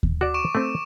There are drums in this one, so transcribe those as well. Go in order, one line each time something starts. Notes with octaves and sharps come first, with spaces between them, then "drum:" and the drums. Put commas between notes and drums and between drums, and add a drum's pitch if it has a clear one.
drum: kick D#2
F#4 D5 D6
C#6 D7 E7
A3 C4